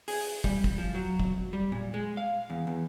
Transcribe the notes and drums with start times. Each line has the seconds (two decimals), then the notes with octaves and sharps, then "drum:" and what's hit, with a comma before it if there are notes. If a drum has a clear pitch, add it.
0.08 G#4, drum: open hi-hat
0.44 G3, drum: kick
0.64 drum: kick
0.78 F3
0.95 F#3
1.19 drum: kick
1.53 G3
1.72 A#2
1.94 G#3
2.17 F5
2.50 E2
2.67 E2